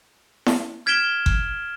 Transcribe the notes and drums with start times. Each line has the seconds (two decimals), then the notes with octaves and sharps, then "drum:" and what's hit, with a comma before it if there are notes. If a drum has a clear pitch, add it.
0.46 drum: snare E4
0.86 F6 G#6 B6 D7 E7 G7
1.26 drum: kick G1